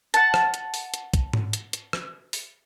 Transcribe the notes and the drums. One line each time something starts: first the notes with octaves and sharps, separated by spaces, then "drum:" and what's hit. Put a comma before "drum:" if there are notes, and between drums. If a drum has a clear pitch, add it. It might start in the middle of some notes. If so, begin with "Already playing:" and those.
F#5 A5, drum: hi-hat
drum: rim click
drum: hi-hat
drum: open hi-hat
drum: hi-hat
drum: kick, hi-hat
drum: tom G#2
drum: hi-hat
drum: hi-hat
drum: rim click
drum: open hi-hat